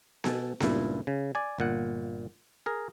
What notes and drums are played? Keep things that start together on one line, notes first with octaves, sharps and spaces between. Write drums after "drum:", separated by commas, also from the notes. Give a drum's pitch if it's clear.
B2 A4 G#5, drum: snare B3
C#2 G2 A#2 E4, drum: snare B3
C#3
D5 G#5
G1 A#2 F#5
G#4 A#4